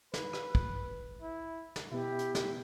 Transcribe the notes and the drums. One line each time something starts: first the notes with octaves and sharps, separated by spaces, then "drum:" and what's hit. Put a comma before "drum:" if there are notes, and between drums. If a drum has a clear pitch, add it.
B4, drum: snare
drum: rim click
drum: kick
E4
drum: snare
B2 B3 E4 G4
drum: hi-hat
drum: snare